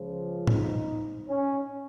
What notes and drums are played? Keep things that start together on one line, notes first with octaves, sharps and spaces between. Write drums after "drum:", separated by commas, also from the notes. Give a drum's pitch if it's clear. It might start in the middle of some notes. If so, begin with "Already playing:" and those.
Already playing: C#2 C#3 F3
D#4, drum: tom A2
C#4